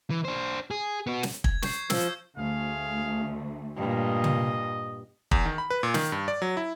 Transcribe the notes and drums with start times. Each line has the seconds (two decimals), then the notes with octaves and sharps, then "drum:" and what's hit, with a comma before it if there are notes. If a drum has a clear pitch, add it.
0.10 E3
0.25 D4 C5
0.71 G#4
1.07 B3 F#4
1.23 drum: snare
1.44 G#6, drum: kick
1.62 C#6 G6 C7, drum: snare
1.90 F3 E6, drum: snare
2.37 D2 A3 G#4 F5
3.76 G2 A#2 D#5
4.24 drum: tom
5.31 E2, drum: kick
5.46 D#3
5.58 B5
5.70 B4
5.83 A#2
5.94 D#3, drum: snare
6.12 G2
6.28 D5
6.42 F#3
6.57 E4